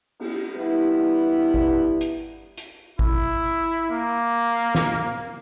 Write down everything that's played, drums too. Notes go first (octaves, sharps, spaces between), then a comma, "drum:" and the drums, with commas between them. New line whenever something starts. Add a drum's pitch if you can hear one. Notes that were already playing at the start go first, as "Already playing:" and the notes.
drum: cymbal
G2 G3 B3 E4
drum: kick G#1
drum: hi-hat
drum: hi-hat
E4, drum: kick G#1
A#3
drum: snare